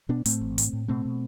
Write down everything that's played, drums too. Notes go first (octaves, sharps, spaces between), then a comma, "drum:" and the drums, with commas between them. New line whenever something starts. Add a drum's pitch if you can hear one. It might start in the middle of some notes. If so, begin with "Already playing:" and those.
B2 B3 D4
A2 A3 C4, drum: hi-hat
A1
A2, drum: hi-hat
A2
B2 A3 C4
B2